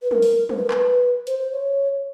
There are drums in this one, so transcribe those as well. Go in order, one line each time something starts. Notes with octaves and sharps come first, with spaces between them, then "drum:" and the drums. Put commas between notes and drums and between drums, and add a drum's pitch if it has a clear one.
B4
A#4, drum: tom
drum: open hi-hat
C5, drum: tom
B4
A#4
B4, drum: clap
C5, drum: hi-hat
C5
C#5